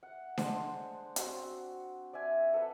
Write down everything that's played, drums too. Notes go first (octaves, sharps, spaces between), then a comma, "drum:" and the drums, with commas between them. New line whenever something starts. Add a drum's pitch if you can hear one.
F#5
G#3 D4 C5, drum: snare D4
C4 F#4, drum: hi-hat
D5 E5 G#5
A4 B4 E5 F#5